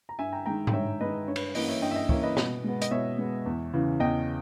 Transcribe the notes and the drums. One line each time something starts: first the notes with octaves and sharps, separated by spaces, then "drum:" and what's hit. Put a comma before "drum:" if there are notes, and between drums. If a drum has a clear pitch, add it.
A#5
G2 E5 G#5
G5 A#5
D#3 G#3 G5 A#5
G5, drum: tom G#2
G2 C#5 E5
D#3 G#3 B4 D#5
G2 C#5
B4, drum: cymbal
C#5
E3 A#3 C#4 B4 D#5, drum: open hi-hat
C#5 E5
G2 D#5 G5
E5
D#5 G5
E3 A#3 C#4 C#5 E5, drum: kick
B4 D#5
B2, drum: snare
G#3 B3
D#5, drum: hi-hat
B2 C#5 E5
G#3 B3
E2
C#3 E3
E2 D#5 G5